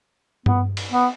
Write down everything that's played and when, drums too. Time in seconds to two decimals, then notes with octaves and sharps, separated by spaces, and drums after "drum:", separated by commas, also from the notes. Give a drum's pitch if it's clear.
0.46 B3, drum: tom G2
0.77 drum: cymbal
0.92 B3